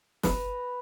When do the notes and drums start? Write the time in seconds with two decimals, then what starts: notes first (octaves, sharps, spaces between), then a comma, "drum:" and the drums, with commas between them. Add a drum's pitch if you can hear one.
0.23 B4 A#5, drum: snare